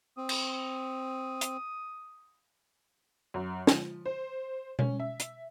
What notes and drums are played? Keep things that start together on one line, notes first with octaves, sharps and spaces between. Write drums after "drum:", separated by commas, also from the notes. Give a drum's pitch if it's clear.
C4 D#6
drum: cymbal
drum: hi-hat
F#2
F3, drum: snare
C5
C#4, drum: tom B2
E5
drum: hi-hat